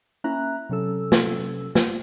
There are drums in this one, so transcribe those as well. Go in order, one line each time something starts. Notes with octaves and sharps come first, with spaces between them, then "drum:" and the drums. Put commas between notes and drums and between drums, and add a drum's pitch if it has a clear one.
A#3 C#4 E4 E5 A#5 F#6
C3 F#3 C#4 A4 E6
drum: snare
drum: snare